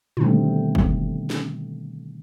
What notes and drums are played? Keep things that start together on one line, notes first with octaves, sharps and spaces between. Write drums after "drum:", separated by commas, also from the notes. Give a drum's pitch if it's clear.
B2 D3 D#3 G3 A3 C4, drum: tom
drum: kick F#1
drum: snare